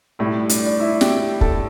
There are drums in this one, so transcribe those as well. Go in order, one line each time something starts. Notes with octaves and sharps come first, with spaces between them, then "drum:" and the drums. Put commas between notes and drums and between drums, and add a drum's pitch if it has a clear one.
A2 G3 E4
D4, drum: hi-hat
D4
E4 E5
G4 G5, drum: snare
A4 A5, drum: kick